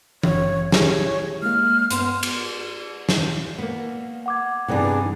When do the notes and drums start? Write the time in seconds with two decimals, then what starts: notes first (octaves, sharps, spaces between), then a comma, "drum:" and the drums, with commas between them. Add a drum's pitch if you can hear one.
0.23 G#1 G2 C#5, drum: tom E3
0.72 E4 G4 G#4 C#5, drum: snare
1.43 G#3 A#3 F6
1.91 G2 B3 C6, drum: hi-hat
2.23 drum: cymbal
3.09 drum: snare
3.58 A#3 B3
4.26 F#5 D6 G#6
4.68 G2 C3 E3 B3 D4 D#4 G#4